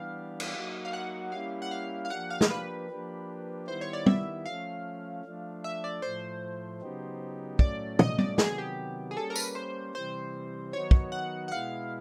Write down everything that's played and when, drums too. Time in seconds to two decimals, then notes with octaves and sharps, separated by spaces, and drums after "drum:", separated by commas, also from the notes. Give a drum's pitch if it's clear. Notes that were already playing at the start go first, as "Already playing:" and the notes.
Already playing: E3 G3 B3 D4 G4 F5
0.40 drum: cymbal
0.54 F#3 A#3 D#4 F#4
0.85 F5
0.93 F#5
1.32 G3 A#3 C#4 E4 G4 F5
1.62 F#5
1.71 F5
2.05 F5
2.10 F3 A#3 D4 G4 F#5
2.30 F5
2.41 drum: snare
2.50 B4
2.89 F3 A#3 D4 G4
3.67 D#3 G3 B3 E4 C5
3.81 C#5
3.93 D5
4.06 E5, drum: tom
4.46 F3 A3 C#4 F5
5.25 F3 A3 D4
5.64 E5
5.84 D5
6.02 A2 F3 A3 C5
6.82 C#3 F#3 B3 D#4 G4
7.59 A2 F#3 A3 C#4 D5, drum: kick
7.99 D#5, drum: tom
8.18 D5, drum: tom
8.38 C3 D#3 F#3 B3 G#4, drum: snare
8.58 G4
9.11 G#4
9.17 G3 A#3 C#4 A4
9.30 A#4
9.36 B4, drum: tambourine
9.55 C5
9.95 C3 E3 G3 C4 C5
10.73 D#3 F#3 B3 D#4 F#4 C#5
10.91 drum: kick
11.12 F#5
11.48 F#5
11.52 B2 G#3 B3 E4 F5